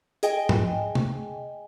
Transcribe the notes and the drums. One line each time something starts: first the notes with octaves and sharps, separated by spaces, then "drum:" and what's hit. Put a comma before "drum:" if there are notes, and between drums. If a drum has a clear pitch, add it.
G#4 D#5 G5 G#5, drum: hi-hat
drum: tom G#2
drum: tom